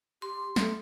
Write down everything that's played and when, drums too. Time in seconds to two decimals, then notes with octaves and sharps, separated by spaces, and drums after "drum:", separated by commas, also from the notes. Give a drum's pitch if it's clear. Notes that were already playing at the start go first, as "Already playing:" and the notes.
0.22 G4 C6
0.56 A3, drum: snare